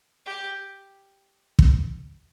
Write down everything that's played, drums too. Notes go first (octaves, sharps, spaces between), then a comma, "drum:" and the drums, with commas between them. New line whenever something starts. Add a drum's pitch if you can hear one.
G4
drum: kick